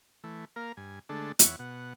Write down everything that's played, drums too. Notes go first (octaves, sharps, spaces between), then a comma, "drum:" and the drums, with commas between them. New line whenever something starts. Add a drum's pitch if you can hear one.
E3 A3
A#3 A#4 F5
G2 G#5
D3 G#3 A3 D4 A4
E2 C#5 E5 F#5, drum: hi-hat
B2 F#5